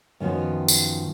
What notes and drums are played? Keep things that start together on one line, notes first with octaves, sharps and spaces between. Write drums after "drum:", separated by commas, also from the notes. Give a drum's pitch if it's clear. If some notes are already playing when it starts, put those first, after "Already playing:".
F#2 D#3 F3 B3
drum: tambourine